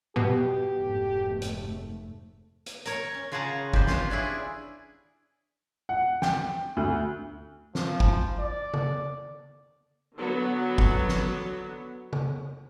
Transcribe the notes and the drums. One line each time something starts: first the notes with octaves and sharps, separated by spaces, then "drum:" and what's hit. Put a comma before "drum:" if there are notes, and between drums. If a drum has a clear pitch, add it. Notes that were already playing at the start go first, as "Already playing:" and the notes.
B2 G4, drum: tom G#2
F1 G#2 A3
drum: hi-hat
drum: hi-hat
A#4 C#5, drum: hi-hat
C#4
C#3 F4 G#4 F#5 A5 A#5
G4 B4 C5, drum: kick
C#4 F4, drum: snare
C#4 D4 E4 G#4
F#5
G5, drum: snare
D2
F3, drum: snare
drum: kick
D5
drum: tom C#3
D3 F#3 B3
drum: kick
drum: snare
drum: tom C#3